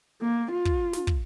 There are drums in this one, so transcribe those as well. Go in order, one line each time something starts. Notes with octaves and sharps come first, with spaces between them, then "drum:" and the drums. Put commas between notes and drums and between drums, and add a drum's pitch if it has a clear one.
A#3
F4
drum: kick
drum: snare
drum: kick